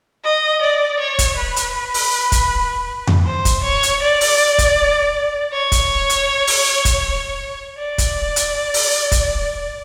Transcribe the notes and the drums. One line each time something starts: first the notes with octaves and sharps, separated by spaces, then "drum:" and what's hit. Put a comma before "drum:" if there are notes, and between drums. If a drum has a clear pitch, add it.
D#5
D5
C#5
drum: kick, hi-hat
B4
drum: hi-hat
drum: open hi-hat
drum: kick, hi-hat
drum: tom F2
C5
drum: kick, hi-hat
C#5
drum: hi-hat
D5
drum: open hi-hat
drum: kick, hi-hat
C#5
drum: kick, hi-hat
drum: hi-hat
drum: open hi-hat
drum: kick, hi-hat
D5
drum: kick, hi-hat
drum: hi-hat
drum: open hi-hat
drum: kick, hi-hat